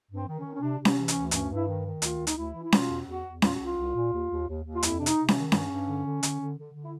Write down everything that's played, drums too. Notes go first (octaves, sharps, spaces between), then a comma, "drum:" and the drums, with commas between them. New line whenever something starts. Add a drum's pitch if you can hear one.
G2 C4
D#3
C#4
D#3
C#4
C3 D4
C3
C#4, drum: snare C#4
E3
C#4, drum: hi-hat
D2
G2 C#4, drum: hi-hat
G2 E4
D#3
D#3
D2 F4, drum: hi-hat
D2
D#4, drum: hi-hat
D2 E4
E3
E4
B2 F4, drum: snare C#4
E2
E2 F#4
E2
A#2 F4, drum: snare C#4
F#4
C2 F4
C2
A#2
D#2
D#2
D#2
D#2
F4
F2 E4, drum: hi-hat
C3 D4
D#4, drum: hi-hat
C3
C#4, drum: snare C#4
D#3
G2 C#4, drum: snare C#4
G2
D3
D3
D3, drum: hi-hat
D3
D3
D3
E4